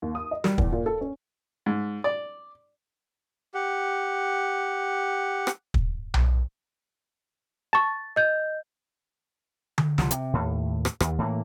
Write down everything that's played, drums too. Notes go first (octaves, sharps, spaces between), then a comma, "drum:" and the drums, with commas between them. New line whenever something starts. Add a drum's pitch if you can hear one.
D#2
D#6
D#5
G3, drum: snare
E2, drum: kick
A#2
A4
C#4
G#2
D5
G4 F#5
drum: rim click
drum: kick
drum: tom B1
A5 C#6 A6
D#5 G6
drum: tom D3
C2 F3, drum: snare
C3, drum: hi-hat
D#2 A2
drum: rim click
D#2, drum: rim click
A2 E3 F#3 A#3